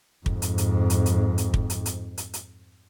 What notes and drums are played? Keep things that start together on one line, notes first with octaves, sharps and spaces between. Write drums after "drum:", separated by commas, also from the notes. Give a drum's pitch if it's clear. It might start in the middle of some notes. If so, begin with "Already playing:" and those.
F2 G#2, drum: kick
drum: hi-hat
drum: hi-hat
drum: hi-hat
drum: hi-hat
drum: hi-hat
drum: kick
drum: hi-hat
drum: hi-hat
drum: hi-hat
drum: hi-hat